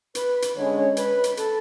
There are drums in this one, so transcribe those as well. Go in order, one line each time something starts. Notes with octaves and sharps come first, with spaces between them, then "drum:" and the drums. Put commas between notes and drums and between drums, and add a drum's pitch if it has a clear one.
B4, drum: hi-hat
drum: hi-hat
D3 G#3 C#4 C#5
C#5
B4, drum: hi-hat
drum: hi-hat
A4, drum: hi-hat